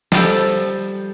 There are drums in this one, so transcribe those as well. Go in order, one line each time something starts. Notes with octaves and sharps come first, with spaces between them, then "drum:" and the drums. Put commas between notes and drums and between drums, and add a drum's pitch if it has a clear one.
F3 G3 G4 A4, drum: snare